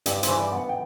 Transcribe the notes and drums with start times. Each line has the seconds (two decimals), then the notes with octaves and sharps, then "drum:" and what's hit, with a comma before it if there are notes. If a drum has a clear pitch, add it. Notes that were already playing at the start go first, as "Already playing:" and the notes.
0.06 G2 D5, drum: hi-hat
0.23 C5, drum: hi-hat
0.29 E3
0.40 D5
0.52 B3
0.57 F#5
0.69 G5